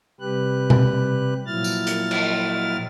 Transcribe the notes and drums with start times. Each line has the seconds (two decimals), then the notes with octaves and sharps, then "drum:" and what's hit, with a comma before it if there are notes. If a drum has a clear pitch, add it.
0.21 C3 G3 G4 B4 F#6
0.70 drum: tom B2
1.46 A#2 F3 F#3 E4 F6 A6
1.64 drum: tambourine
1.87 drum: hi-hat
2.11 drum: cymbal